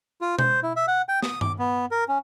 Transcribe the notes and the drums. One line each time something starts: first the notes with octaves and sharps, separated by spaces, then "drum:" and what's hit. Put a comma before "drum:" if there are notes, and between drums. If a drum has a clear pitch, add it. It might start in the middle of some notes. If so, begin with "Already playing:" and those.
F4
C5, drum: tom B2
E4
E5
F#5
G5
D#6, drum: snare
D6, drum: tom G2
B3
A#4
C#4